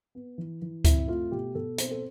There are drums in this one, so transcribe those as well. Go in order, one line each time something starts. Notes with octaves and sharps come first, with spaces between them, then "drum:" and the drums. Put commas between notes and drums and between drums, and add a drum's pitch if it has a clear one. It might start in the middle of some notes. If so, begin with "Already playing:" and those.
B3
E3
E3
C4 E4, drum: kick C#2, hi-hat
A3 F4
B2 G4
B2 A4
C4 C5, drum: hi-hat
A4